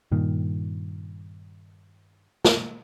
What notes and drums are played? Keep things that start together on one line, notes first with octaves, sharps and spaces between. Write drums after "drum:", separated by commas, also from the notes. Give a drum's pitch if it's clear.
G2 A#2 D#3
drum: snare